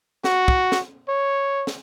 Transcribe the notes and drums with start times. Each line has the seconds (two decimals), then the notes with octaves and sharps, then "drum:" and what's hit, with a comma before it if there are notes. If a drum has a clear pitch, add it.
0.24 F#4, drum: snare
0.48 drum: kick
0.72 drum: snare
1.09 C#5
1.67 drum: snare